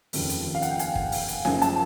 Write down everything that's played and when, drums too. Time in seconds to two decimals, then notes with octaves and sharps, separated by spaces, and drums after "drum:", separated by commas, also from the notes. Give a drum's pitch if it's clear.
0.13 F1 D#2 C#3 F3, drum: open hi-hat
0.30 drum: hi-hat
0.55 F5
0.62 F#5, drum: hi-hat
0.70 G5
0.79 G#5, drum: hi-hat
0.95 drum: kick
1.12 drum: open hi-hat
1.28 drum: hi-hat
1.45 F#2 C#3 F3 G#5, drum: snare D#4
1.62 A5, drum: hi-hat